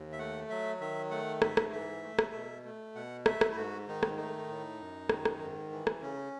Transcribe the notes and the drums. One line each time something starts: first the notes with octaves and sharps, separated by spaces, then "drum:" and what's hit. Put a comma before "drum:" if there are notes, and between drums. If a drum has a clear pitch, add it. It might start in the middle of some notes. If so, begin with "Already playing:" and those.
Already playing: D#2
E5
A3 F#5
F#3 E5
D#3 E5
A3 F#5
G#2 E5, drum: rim click
drum: rim click
E3 E5
A3
drum: rim click
B2
A3
B2 F#5
A3 E5, drum: rim click
drum: rim click
E4
G#2 F#4
D#3 D#4
drum: rim click
A3 D#4
A2
F#2
D#3, drum: rim click
drum: rim click
G#2
E3
drum: rim click
C#3 C#4